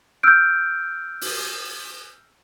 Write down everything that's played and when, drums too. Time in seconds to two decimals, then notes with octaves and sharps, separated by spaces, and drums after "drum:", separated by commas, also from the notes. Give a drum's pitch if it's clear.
0.23 E6 F6 G6 D7
1.21 drum: open hi-hat